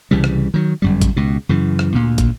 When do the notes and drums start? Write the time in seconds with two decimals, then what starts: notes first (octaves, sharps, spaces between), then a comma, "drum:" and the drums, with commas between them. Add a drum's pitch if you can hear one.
0.11 C2 C#3 E3 G3
0.24 drum: rim click
0.54 D#3 F#3
0.82 G1 F#2 G3
1.01 drum: kick, hi-hat
1.16 C#2 B2
1.49 F#2 C#3 E3
1.79 drum: rim click
1.94 D2 A#2
2.18 drum: kick, hi-hat